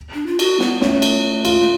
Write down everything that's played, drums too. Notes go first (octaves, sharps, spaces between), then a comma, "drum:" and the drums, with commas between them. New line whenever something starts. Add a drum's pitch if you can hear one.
D4
F4
F#4, drum: cymbal
B3, drum: snare
A3 C#4, drum: snare
drum: cymbal
F4, drum: cymbal
A3